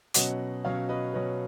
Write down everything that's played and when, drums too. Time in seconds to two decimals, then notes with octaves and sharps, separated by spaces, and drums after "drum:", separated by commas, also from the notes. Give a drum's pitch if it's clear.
0.14 B2 F#3 C#4 D#5 F#5, drum: hi-hat
0.65 B2 F#3 C#4 C#5 F5
0.89 B4 D#5
1.14 B2 F#3 C#4 B4 D#5